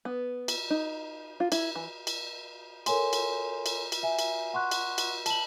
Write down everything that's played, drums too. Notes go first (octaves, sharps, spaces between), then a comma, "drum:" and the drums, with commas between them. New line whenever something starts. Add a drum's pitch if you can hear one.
B3
drum: cymbal
D#4
F4
E4, drum: cymbal
E3
drum: cymbal
A4 A#4 C#5 G#5 C6, drum: cymbal
drum: cymbal
drum: cymbal
drum: cymbal
E5 G#5
drum: cymbal
F#5 C6 C#6 F#6
drum: cymbal
drum: cymbal
A5 F#7, drum: cymbal